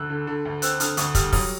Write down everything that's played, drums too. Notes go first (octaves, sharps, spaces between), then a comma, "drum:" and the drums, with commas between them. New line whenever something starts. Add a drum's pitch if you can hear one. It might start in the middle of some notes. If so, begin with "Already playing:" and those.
Already playing: D2 E6 F#6
D3
D3
D2
C4 E6 F#6, drum: hi-hat
D3 D#6 F6, drum: hi-hat
D2 C#6 D#6, drum: hi-hat
G3 D#6 F6, drum: kick, hi-hat
F#3 D#6 F6, drum: kick, open hi-hat